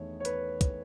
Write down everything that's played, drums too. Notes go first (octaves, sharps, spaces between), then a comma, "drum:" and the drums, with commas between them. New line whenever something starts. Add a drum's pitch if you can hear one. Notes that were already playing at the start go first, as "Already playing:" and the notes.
Already playing: E2 D#3 A3 C#5
C#5
B4, drum: hi-hat
drum: kick, hi-hat